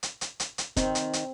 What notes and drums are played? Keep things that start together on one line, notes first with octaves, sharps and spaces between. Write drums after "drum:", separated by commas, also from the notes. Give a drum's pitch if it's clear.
drum: hi-hat
drum: hi-hat
drum: hi-hat
drum: hi-hat
D#3 C4, drum: kick, hi-hat
drum: hi-hat
drum: hi-hat